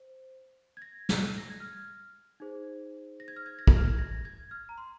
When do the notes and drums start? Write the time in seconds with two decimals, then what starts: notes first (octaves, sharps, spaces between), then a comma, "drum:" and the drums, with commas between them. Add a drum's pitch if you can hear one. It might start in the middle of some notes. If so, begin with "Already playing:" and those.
Already playing: C5
0.77 G#6
0.82 A#6
1.09 drum: snare
1.38 A#6
1.50 G#6
1.60 F6
2.40 D#4 G#4 C5
3.20 A#6
3.28 G#6
3.36 F6
3.46 G#6
3.59 A#6
3.67 G#6, drum: kick
3.77 F6
3.85 G#6
3.98 A#6
4.25 G#6
4.51 F6
4.69 A#5
4.78 C6